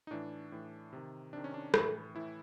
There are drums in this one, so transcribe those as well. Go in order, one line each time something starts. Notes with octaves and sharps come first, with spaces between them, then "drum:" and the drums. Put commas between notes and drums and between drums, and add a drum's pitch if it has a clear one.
D#4
A2 E3 D4
A2 E3
C3 D#3
C3 D#3 D4
C#4
D4
A2 E3, drum: rim click
A2 E3 E4